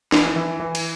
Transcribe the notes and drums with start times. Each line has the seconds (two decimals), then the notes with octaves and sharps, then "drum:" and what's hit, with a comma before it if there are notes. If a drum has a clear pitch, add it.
0.12 E3, drum: snare
0.36 E3
0.60 E3
0.75 drum: cymbal